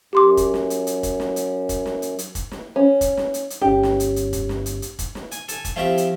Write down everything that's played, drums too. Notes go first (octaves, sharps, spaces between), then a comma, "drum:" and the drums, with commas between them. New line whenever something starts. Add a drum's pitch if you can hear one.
F#2 G4 C6 D6
drum: kick, hi-hat
drum: snare
drum: hi-hat
drum: hi-hat
drum: kick, hi-hat
drum: snare
drum: hi-hat
drum: kick, hi-hat
drum: snare
drum: hi-hat
drum: hi-hat
drum: kick, hi-hat
drum: snare
C#4
drum: kick, hi-hat
drum: snare
drum: hi-hat
drum: hi-hat
G1 C#4 G4
drum: snare
drum: hi-hat
drum: hi-hat
drum: kick, hi-hat
drum: snare
drum: hi-hat
drum: hi-hat
drum: kick, hi-hat
drum: snare
G#5, drum: hi-hat
A4 G#5, drum: hi-hat
drum: kick, hi-hat
F3 A3 C4 E4 G4 E5
drum: hi-hat